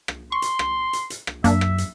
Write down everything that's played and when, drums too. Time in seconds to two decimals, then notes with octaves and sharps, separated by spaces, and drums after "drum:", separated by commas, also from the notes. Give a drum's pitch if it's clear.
0.08 drum: rim click
0.32 C6 C#6
0.42 drum: hi-hat
0.59 drum: rim click
0.93 drum: hi-hat
1.10 drum: hi-hat
1.27 drum: rim click
1.44 F#2 A#3 D4 E5, drum: hi-hat
1.61 drum: rim click
1.78 drum: hi-hat